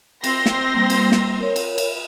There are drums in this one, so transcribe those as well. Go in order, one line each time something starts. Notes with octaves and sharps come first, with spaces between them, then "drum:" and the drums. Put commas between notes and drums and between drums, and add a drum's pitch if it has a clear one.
C4 C6 A#6, drum: cymbal
drum: snare
G3 A#3
drum: cymbal
drum: snare
A#4 C#5
drum: cymbal
drum: cymbal